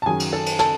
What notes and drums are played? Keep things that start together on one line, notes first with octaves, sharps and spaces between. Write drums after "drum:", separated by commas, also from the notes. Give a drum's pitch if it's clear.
A5
F#2 D#3 F#3 G#4 G#5
drum: cymbal
A4 A5
drum: cymbal
A4 A5, drum: snare